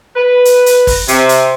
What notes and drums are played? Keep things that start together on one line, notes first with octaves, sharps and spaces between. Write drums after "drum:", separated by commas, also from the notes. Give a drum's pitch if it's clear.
B4
drum: hi-hat
drum: hi-hat
drum: kick, open hi-hat
C3, drum: hi-hat
drum: hi-hat